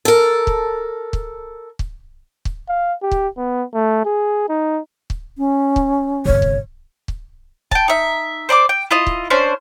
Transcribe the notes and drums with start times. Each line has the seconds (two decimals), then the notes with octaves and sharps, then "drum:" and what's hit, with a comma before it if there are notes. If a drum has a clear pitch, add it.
0.05 A4 A#4
0.47 drum: kick
1.13 drum: kick
1.79 drum: kick
2.45 drum: kick
2.69 F5
3.02 G4
3.11 drum: kick
3.37 B3
3.75 A3
4.05 G#4
4.49 D#4
5.10 drum: kick
5.38 C#4
5.76 drum: kick
6.26 G1 C3 C#5
6.42 drum: kick
7.08 drum: kick
7.71 G5 A5, drum: kick
7.88 D#4 E5
8.49 C5 D5 B5 D6
8.69 G5
8.91 E4 F4 D#5
9.07 drum: kick
9.30 C#4 D4 C5